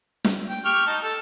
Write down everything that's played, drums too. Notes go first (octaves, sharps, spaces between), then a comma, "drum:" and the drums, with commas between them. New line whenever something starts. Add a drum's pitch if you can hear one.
drum: snare
G5
G4 C#6 F6
D#4 A5
A4